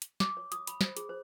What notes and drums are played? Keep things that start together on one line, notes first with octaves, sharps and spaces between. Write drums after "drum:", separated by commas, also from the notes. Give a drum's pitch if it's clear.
drum: hi-hat
D6, drum: snare
C#5
D#6, drum: hi-hat
B5, drum: hi-hat
C5, drum: snare
G#4, drum: hi-hat
C5